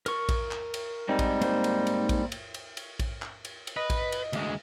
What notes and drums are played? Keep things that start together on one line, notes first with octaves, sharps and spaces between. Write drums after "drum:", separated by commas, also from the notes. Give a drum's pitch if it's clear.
A#4 C#6, drum: cymbal
drum: kick A#1, cymbal
drum: clap
drum: cymbal
G#2 G3 C4 D#4
drum: kick A#1, cymbal
A#3 C5, drum: cymbal
drum: cymbal
drum: cymbal
drum: kick A#1, cymbal
drum: cymbal
drum: cymbal
drum: cymbal
drum: kick A#1, cymbal
drum: clap
drum: cymbal
drum: cymbal
B4 D#5
drum: kick A#1, cymbal
drum: cymbal
D2 G#3, drum: cymbal